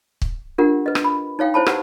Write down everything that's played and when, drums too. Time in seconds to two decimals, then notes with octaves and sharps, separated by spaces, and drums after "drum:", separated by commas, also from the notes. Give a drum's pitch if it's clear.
0.22 drum: kick
0.58 D4 F4 G4 A#4 F#5
0.86 B4 D#5
0.95 drum: rim click
1.04 B5
1.39 D#4 C#5 F5 G5
1.54 E4 C5 C#5 A5 B5
1.66 G4 B4 F#5, drum: rim click